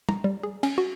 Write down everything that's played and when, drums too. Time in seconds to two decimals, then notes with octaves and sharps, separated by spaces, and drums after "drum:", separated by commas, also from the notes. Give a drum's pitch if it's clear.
0.09 A#5, drum: tom
0.24 G3
0.43 G#4
0.63 C#4, drum: cymbal
0.78 F#4